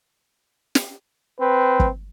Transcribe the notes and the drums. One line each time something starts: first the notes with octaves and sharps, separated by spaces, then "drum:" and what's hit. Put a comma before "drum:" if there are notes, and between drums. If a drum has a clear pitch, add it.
drum: snare
C4 B4
drum: kick